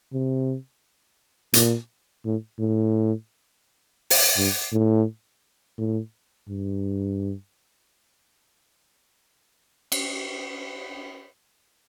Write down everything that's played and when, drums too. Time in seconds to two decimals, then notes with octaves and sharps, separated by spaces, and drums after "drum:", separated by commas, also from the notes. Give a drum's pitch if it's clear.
0.13 C3
1.54 A#2, drum: hi-hat
2.25 A2
2.60 A2
4.10 drum: open hi-hat
4.37 G2
4.72 A2
5.78 A2
6.49 G2
9.92 drum: cymbal